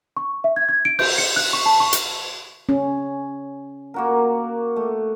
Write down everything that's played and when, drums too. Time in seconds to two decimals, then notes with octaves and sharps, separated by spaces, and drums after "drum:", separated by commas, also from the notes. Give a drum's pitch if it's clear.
0.17 C#6
0.44 E5
0.56 G#6
0.69 G#6
0.85 D7
0.99 G6, drum: cymbal
1.18 C#7
1.36 F#6
1.53 C#6
1.66 A5
1.80 C#6
1.93 drum: hi-hat
2.69 C#4
3.94 A#3 F#4 A#4
4.76 A3